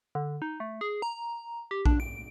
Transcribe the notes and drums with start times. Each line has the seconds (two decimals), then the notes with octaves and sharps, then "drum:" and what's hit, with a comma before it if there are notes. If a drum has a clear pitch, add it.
0.15 D3
0.42 D#4
0.60 A3
0.81 G#4
1.02 A#5
1.71 G4
1.86 D4, drum: kick A#1
2.00 D7